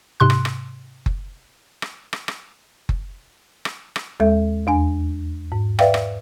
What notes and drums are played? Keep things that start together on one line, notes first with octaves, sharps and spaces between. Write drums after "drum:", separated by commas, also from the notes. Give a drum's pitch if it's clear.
G#2 C3 C6 F#6
drum: rim click
drum: rim click
drum: kick F#1
drum: rim click
drum: rim click
drum: rim click
drum: kick F#1
drum: rim click
drum: rim click
D#2 G#3 A4 E5
E2 D4 G#5
G#2
B4 D5 E5 F5 G5, drum: rim click
drum: rim click